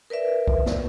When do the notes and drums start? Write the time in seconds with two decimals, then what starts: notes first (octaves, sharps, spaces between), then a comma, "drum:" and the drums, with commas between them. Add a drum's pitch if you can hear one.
0.10 A#4 B4 D5 E5
0.48 drum: kick B1
0.66 drum: snare